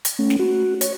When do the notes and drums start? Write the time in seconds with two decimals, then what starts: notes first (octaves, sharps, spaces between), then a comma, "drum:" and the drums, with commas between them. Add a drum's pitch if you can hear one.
0.05 drum: hi-hat
0.19 A3 C#4
0.30 drum: snare
0.39 F#4
0.81 C#5, drum: hi-hat